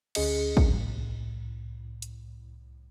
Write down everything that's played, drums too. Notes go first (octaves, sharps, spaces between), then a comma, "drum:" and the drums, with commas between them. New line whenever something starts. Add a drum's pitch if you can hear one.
D2 C#4 G#4 D#5 C#7, drum: cymbal
drum: kick
C2 A2
drum: hi-hat